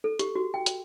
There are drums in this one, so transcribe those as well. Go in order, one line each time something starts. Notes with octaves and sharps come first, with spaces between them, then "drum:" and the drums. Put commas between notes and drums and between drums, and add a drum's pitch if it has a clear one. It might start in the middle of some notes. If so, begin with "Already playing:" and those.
A4
G4, drum: hi-hat
F#4
G5
drum: hi-hat